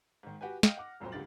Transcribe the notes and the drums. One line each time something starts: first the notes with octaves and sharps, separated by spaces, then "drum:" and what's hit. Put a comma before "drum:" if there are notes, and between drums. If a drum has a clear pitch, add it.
G#2 D#3
F#4 G4 B4 G#5
D#5 F5 G5 F6 A#6, drum: snare
F#5 D6
D#1 C2 F2 F#3 C5
C#2 G#2 D3 G4 A6 F#7